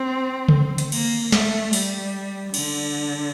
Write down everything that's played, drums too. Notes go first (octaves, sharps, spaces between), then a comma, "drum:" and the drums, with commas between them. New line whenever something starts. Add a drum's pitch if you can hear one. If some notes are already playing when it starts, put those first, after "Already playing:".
Already playing: C4
drum: tom C#3
drum: hi-hat
A#3, drum: cymbal
A3, drum: snare
G3, drum: open hi-hat
D3, drum: cymbal